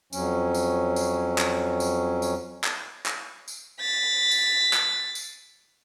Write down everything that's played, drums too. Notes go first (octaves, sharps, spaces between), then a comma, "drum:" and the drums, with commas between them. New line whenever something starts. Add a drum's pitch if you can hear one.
F2 F#3 C#4, drum: tambourine
drum: tambourine
drum: tambourine
drum: clap
drum: tambourine
drum: tambourine
drum: clap
drum: clap
drum: tambourine
A6 B6
drum: tambourine
drum: clap
drum: tambourine